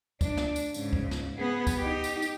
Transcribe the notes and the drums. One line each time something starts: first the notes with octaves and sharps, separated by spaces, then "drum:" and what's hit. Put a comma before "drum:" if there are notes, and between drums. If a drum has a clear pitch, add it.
D4, drum: kick, tambourine
drum: snare
drum: tambourine
G#2 C#3, drum: tambourine
drum: kick
drum: snare
B3 G#4
drum: kick, tambourine
D#4 G4
drum: tambourine
drum: tambourine